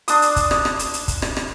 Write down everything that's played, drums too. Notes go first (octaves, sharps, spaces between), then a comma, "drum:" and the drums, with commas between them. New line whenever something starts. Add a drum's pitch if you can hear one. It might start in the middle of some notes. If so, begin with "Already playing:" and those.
D4 C6 D#6, drum: hi-hat
drum: hi-hat
drum: kick, hi-hat
drum: rim click
drum: rim click
drum: hi-hat
drum: hi-hat
drum: kick, hi-hat
drum: rim click
drum: rim click